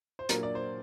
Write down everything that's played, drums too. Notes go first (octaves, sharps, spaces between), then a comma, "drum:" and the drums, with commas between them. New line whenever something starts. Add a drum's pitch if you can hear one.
C5
A#2 F#3 A#3 D4 A#4, drum: hi-hat
D5
C5